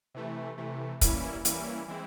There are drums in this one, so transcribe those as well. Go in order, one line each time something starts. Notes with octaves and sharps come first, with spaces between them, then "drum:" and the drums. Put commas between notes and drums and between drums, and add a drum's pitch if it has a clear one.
C3 E3 A3
C3 E3 A3
E3 G3 A#3 C#4 E4, drum: kick, hi-hat
E3 G3 A#3 C#4 E4, drum: hi-hat
E3 G#3 C4 E4